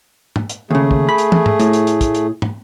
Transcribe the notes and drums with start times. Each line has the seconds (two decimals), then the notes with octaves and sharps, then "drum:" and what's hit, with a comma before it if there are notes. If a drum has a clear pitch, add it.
0.36 drum: tom
0.49 drum: hi-hat
0.71 D#2 C#3 A3 G#4
0.91 drum: kick
1.09 B5
1.18 drum: hi-hat
1.32 drum: tom
1.46 drum: tom G#2
1.60 A2, drum: hi-hat
1.73 drum: hi-hat
1.87 drum: hi-hat
2.01 drum: kick, hi-hat
2.15 drum: hi-hat
2.42 drum: tom